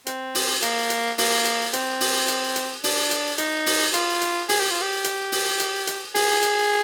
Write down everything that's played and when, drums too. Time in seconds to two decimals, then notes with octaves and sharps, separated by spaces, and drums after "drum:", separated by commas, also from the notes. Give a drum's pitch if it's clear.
0.07 C4, drum: hi-hat
0.35 drum: open hi-hat
0.62 A#3, drum: hi-hat
0.90 drum: hi-hat
1.18 A#3, drum: open hi-hat
1.45 drum: hi-hat
1.73 C4, drum: hi-hat
2.00 drum: open hi-hat
2.28 drum: hi-hat
2.56 drum: hi-hat
2.84 D4, drum: open hi-hat
3.11 drum: hi-hat
3.38 D#4, drum: hi-hat
3.66 drum: open hi-hat
3.94 F4, drum: hi-hat
4.21 drum: hi-hat
4.49 G#4, drum: open hi-hat
4.60 G4
4.70 F4
4.82 G4
5.04 drum: hi-hat
5.32 drum: open hi-hat
5.60 drum: hi-hat
5.87 drum: hi-hat
6.15 G#4, drum: open hi-hat
6.42 drum: hi-hat